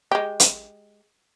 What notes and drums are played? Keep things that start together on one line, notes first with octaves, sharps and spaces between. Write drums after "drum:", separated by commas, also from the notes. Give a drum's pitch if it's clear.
G#3 G4
drum: hi-hat